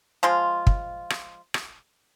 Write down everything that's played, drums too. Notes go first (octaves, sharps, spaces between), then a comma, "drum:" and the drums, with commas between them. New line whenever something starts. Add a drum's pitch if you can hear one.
F3 G#3 F4
drum: kick
drum: rim click
drum: rim click